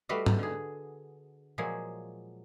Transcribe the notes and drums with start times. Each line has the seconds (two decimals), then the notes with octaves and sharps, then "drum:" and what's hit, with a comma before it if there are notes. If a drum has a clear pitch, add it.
0.09 G3 A3 F#4 B4 D#5 F5
0.26 drum: tom
0.39 D3 G#4
1.58 A#2 F3 F#3 G#3 G#4